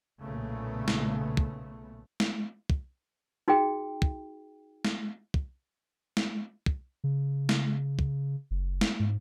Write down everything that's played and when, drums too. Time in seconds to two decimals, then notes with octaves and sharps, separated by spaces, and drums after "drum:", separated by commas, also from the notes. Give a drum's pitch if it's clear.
0.22 B1 A#2 C#3 A3 B3
0.88 drum: snare
1.37 drum: kick
2.20 drum: snare
2.70 drum: kick
3.48 D#4 F#4 G#4 G5
4.02 drum: kick
4.85 drum: snare
5.34 drum: kick
6.17 drum: snare
6.66 drum: kick
7.04 C#3
7.49 drum: snare
7.99 drum: kick
8.51 F#1
8.81 drum: snare
9.00 G#2